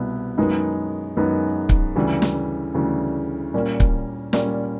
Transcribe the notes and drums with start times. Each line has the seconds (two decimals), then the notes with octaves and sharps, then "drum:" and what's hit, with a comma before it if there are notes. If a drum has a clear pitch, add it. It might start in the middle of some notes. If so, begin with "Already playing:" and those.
Already playing: C2 B2 G3 B3 E4
0.37 F#2 D#3 G#3 B3 D#4
1.17 F#2 D#3 G#3 B3 D#4
1.69 drum: kick C#1
1.96 D2 C#3 E3 G3
2.22 drum: snare
2.74 D2 C#3 E3 G3
3.54 A#2 G3 A#3 C#4
3.80 drum: kick C#1
4.33 A#2 G3 A#3 C#4, drum: snare